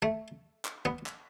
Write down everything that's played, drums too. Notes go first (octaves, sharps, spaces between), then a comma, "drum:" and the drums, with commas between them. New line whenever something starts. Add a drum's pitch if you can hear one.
A3
drum: clap
B3
drum: clap